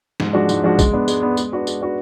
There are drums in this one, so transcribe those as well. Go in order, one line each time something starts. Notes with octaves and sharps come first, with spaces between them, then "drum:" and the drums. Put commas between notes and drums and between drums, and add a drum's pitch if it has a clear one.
G#2, drum: snare
F3 G#3 D4 F#4
G#2, drum: tambourine
F3 G#3 D4 F#4
G#3, drum: kick, tambourine
B3 D4
G#3, drum: tambourine
B3 D4
G#3, drum: tambourine
D4 F#4 B4
G#3, drum: tambourine
D4 F#4 B4